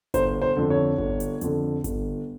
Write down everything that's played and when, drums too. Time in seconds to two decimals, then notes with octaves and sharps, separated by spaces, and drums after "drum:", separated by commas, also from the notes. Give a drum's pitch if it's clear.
0.14 G1 C5, drum: kick G#1, hi-hat
0.42 C5
0.56 F2 D3
0.70 C#5
0.98 G1, drum: kick G#1
1.20 drum: hi-hat
1.41 F2 D3, drum: hi-hat
1.84 G1, drum: kick G#1, hi-hat